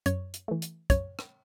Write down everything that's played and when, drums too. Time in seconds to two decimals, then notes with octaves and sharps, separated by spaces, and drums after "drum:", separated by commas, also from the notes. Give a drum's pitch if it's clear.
0.06 F#2 C#5, drum: hi-hat
0.34 drum: hi-hat
0.48 E3 A3
0.62 drum: hi-hat
0.90 F#2 C#5, drum: kick, hi-hat
1.19 drum: rim click